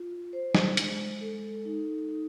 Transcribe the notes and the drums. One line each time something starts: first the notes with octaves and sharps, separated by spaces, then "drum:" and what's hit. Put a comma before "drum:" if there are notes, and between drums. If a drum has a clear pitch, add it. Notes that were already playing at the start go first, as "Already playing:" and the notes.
Already playing: F4
C5
drum: snare
G#3, drum: hi-hat
A4
D#4
D#4